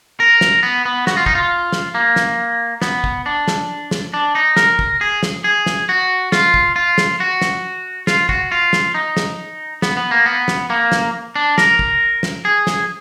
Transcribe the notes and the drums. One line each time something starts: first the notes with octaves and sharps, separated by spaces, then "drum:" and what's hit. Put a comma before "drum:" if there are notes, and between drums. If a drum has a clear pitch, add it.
A#4
drum: snare
B3
B3
F#4, drum: snare
F4
D#4, drum: kick
F4
drum: snare
A#3
drum: snare
B3, drum: snare
drum: kick
D4
drum: snare
drum: snare
D4
D#4
A#4, drum: snare
drum: kick
G#4
drum: snare
G#4
drum: snare
F#4
F4, drum: snare
drum: kick
F4
drum: snare
F#4
drum: snare
F4, drum: snare
F#4, drum: kick
F4
drum: snare
D#4
drum: snare
B3, drum: snare
B3
A#3
B3
drum: snare
A#3
drum: snare
D4
A#4, drum: snare
drum: kick
drum: snare
G#4
drum: snare